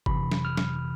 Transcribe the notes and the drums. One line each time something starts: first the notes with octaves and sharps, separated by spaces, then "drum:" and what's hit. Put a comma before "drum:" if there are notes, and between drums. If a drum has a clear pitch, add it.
G1 F2 C3 E3 B5, drum: kick
drum: snare F#3
F6
drum: snare F#3